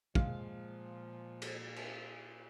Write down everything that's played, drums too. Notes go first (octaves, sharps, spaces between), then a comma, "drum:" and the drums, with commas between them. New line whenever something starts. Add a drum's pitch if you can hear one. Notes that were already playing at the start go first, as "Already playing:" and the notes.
A#2 F3 G#3 F5, drum: kick
drum: cymbal
drum: cymbal